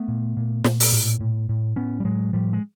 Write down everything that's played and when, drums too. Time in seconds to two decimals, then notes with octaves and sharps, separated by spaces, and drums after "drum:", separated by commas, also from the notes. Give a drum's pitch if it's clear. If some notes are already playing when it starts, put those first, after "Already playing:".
Already playing: A3 B3
0.08 A#2
0.37 A#2
0.64 A#2, drum: snare
0.80 drum: open hi-hat
0.93 A2
1.20 A2
1.49 A2
1.76 A2 B3 C#4
2.00 G3
2.04 A2 F#3 G#3
2.33 A2 F3 G3
2.53 G#3